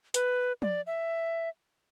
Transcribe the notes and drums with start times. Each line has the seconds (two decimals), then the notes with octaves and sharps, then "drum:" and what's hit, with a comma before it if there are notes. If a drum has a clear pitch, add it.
0.14 B4, drum: hi-hat
0.62 D5, drum: tom F3
0.87 E5